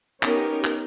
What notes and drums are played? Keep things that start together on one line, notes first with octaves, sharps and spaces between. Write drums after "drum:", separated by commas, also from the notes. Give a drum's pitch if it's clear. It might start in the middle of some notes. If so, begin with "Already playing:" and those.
B3 C#4 D#4 G4 A#4, drum: clap
drum: clap